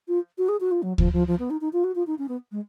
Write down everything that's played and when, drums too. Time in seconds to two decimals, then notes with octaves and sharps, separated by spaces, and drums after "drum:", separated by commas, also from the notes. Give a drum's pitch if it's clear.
0.08 F4
0.38 F#4
0.48 G#4
0.60 F#4
0.71 F4
0.82 F#3
0.98 F3, drum: kick D2
1.13 F3
1.27 F3
1.39 B3
1.50 D#4
1.61 D#4
1.73 F4
1.84 F#4
1.95 F4
2.07 D#4
2.18 C#4
2.28 B3
2.52 G#3